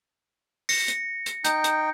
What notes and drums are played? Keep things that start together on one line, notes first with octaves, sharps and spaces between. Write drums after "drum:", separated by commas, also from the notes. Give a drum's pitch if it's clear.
A#6 C#7, drum: open hi-hat
drum: hi-hat
drum: hi-hat
D#4 G5 G6, drum: hi-hat
drum: hi-hat